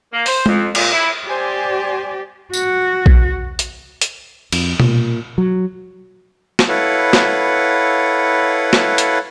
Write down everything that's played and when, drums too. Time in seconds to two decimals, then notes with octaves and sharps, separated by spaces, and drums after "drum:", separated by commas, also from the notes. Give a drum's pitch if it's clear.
0.12 A#3
0.26 C5, drum: open hi-hat
0.46 F2, drum: tom G#3
0.75 A#2, drum: cymbal
0.91 E4
1.28 G4 C5 D5 G#5
2.54 F#4, drum: tambourine
3.06 drum: kick A#1
3.59 drum: hi-hat
4.02 drum: hi-hat
4.52 F2, drum: cymbal
4.80 A#2, drum: tom B2
5.38 F#3
6.59 drum: snare
6.68 E4 A4 B4 C#5 F5 F#5
7.13 drum: snare
8.73 drum: snare
8.98 drum: hi-hat